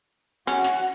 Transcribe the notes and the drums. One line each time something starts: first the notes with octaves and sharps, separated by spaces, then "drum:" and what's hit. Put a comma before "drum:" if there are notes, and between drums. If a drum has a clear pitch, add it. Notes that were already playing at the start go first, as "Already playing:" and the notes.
C#4 F#4 F#5, drum: hi-hat
drum: hi-hat